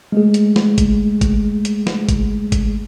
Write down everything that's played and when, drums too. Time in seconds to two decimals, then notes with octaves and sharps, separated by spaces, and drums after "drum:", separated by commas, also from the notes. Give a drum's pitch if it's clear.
0.12 G#3 A3 G#4
0.34 drum: hi-hat
0.56 drum: snare
0.78 drum: kick G#1, hi-hat
1.21 drum: kick G#1, hi-hat
1.65 drum: hi-hat
1.87 drum: snare
2.09 drum: kick G#1, hi-hat
2.52 drum: kick G#1, hi-hat